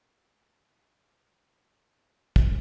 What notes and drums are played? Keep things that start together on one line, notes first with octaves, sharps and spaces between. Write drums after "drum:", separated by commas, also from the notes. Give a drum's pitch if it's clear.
C5
G4 B4 D#5
C5
B4
F#4 A4
G4 C5
drum: kick